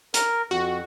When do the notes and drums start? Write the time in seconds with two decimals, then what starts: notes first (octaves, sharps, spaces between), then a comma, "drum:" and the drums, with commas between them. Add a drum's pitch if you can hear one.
0.14 A#4, drum: hi-hat
0.51 F2 F#4